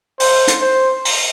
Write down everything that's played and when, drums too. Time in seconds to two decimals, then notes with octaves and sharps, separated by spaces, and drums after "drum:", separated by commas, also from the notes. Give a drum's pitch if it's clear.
0.20 C5, drum: open hi-hat
0.48 drum: hi-hat
0.61 C5
1.05 drum: open hi-hat